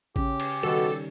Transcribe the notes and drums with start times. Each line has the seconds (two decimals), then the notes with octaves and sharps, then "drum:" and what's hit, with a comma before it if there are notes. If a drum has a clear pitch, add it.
0.16 C#3 C#4 G4, drum: kick A1
0.40 drum: cymbal
0.63 B2 D#3 G3 F#4 A4